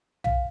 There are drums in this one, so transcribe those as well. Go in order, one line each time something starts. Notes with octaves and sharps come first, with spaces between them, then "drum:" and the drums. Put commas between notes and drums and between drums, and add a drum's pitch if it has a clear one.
F5, drum: tom B1